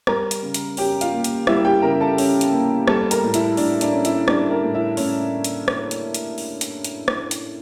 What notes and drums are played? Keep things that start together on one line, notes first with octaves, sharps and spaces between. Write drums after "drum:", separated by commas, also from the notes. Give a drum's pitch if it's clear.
G3 A#4 A#5, drum: rim click
drum: hi-hat
C#3
drum: hi-hat
C#4 G4 G5, drum: open hi-hat
F4 F5, drum: hi-hat
A#3
drum: hi-hat
G3 E4 E5, drum: rim click
G4 G5
C#3 A#4 A#5
A4 A5
C#4, drum: open hi-hat
drum: hi-hat
A#3
G3 A4 A5, drum: rim click
A#4 A#5, drum: hi-hat
A2
E4 E5, drum: hi-hat
A2 D4 D5, drum: open hi-hat
D4 D5, drum: hi-hat
C#4
E4 E5, drum: hi-hat
G3 D4 D5, drum: rim click
A#4
A2
E4 E5
A2 C#4 C#5, drum: open hi-hat
drum: hi-hat
drum: rim click
drum: hi-hat
drum: hi-hat
drum: open hi-hat
drum: hi-hat
drum: hi-hat
drum: rim click
drum: hi-hat